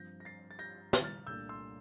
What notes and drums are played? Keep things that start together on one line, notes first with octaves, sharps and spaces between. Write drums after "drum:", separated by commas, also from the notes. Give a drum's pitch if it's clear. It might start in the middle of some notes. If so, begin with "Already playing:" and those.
Already playing: G2 F3 C4 G6 A#6
A#6
A6 C7
A6
G6 A#6
drum: snare
F6 A6
C2 A#2 A3 D4 E6 G6
C6 E6